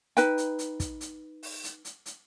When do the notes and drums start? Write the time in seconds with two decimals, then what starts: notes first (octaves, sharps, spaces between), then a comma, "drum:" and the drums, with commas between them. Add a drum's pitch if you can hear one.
0.17 D#4 B4 G5, drum: hi-hat
0.38 drum: hi-hat
0.59 drum: hi-hat
0.80 drum: kick, hi-hat
1.01 drum: hi-hat
1.43 drum: open hi-hat
1.64 drum: hi-hat
1.85 drum: hi-hat
2.06 drum: hi-hat